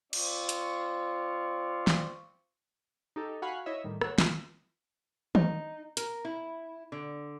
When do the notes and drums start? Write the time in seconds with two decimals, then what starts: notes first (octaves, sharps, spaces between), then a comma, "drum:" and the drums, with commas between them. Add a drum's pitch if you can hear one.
0.13 C4 F4 D5 C#6, drum: cymbal
0.49 drum: hi-hat
1.87 drum: snare
3.16 D#4 G4 A4
3.42 F#4 F5 F#5 G#5 B5 C#6
3.66 E4 C#5 D#5 E5
3.84 A2 D#3 G3
4.01 C#5 F#5 E6, drum: rim click
4.18 F4 A5 C6, drum: snare
5.35 D#4, drum: tom
5.97 A#4, drum: hi-hat
6.25 E4
6.92 D3